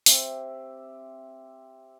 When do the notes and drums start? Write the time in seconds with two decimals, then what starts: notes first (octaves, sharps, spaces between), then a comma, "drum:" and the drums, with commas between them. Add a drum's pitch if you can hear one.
0.06 C4 G4 E5, drum: open hi-hat